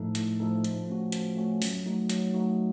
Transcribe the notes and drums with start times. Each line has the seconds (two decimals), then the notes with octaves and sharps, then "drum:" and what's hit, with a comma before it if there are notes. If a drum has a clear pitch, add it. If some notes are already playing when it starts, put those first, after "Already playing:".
Already playing: A2 F3 A3 D#4 A4
0.15 A2, drum: hi-hat
0.40 F3 A3 D#4 A4
0.64 F3, drum: hi-hat
0.88 A3 C#4 F#4
1.12 F3, drum: hi-hat
1.36 A3 C#4 F#4
1.62 F#3, drum: open hi-hat
1.86 A3 D#4 F#4
2.10 F#3, drum: hi-hat
2.34 A3 D#4 F#4